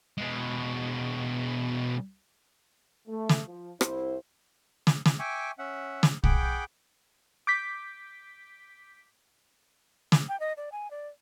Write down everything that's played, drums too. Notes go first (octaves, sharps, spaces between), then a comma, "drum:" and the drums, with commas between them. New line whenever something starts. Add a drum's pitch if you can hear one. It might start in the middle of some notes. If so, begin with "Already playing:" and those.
B2 G#3
A3
drum: snare
F3
C2 E4 C5, drum: rim click
drum: snare
drum: snare
E5 G5 G#5 C#6 D6
C#4 E5 F#5
drum: snare
G#4 F#5 G5 B5 D6 G6, drum: kick
D6 G6 B6
drum: snare
G5
D#5
D5
G#5
D5